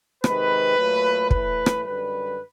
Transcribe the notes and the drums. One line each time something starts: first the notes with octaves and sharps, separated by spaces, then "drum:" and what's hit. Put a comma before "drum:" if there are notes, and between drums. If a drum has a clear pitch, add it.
C3 D#3 G#3 B4, drum: rim click
A#2 F#3 A3
A2 E3 A3 B4, drum: kick
drum: rim click
F#2 D3 G3 B4